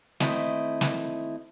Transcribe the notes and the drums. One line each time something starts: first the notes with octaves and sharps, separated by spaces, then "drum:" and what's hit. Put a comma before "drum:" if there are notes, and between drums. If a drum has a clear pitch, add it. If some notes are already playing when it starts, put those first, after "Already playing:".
D#3 A3 C4 E4 D#5, drum: snare
drum: snare